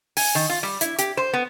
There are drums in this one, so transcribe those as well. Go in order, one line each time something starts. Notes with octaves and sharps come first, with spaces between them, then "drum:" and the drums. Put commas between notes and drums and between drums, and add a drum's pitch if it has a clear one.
G#5, drum: open hi-hat
D#3
F4
G3
E4, drum: hi-hat
G4, drum: hi-hat
C5
B3